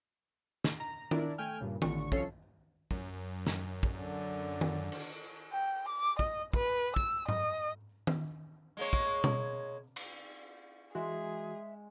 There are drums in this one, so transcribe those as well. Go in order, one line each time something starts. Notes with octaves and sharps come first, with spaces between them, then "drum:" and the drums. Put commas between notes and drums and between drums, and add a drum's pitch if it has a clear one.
drum: snare
A#5
D4 E4 A#4 D5, drum: tom D#3
A3 G5 G#5 F6
G2 A#2 C#3
A1 D3 C#6, drum: tom D#3
C2 F3 C#4 A4 C#5 C7, drum: kick
F#2, drum: kick
drum: snare
drum: kick
D3
drum: tom D#3
drum: cymbal
G5
D6
D#5, drum: kick
B4, drum: kick
E6, drum: kick
D#5, drum: tom
drum: tom D#3
G#3 A#3 C#5
drum: kick
drum: tom B2
drum: cymbal
E3 G#3 F#4 G#4 E5